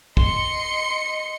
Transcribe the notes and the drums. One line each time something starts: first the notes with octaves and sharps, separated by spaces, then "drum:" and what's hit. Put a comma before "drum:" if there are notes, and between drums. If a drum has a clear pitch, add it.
D#5 C6 C#7, drum: kick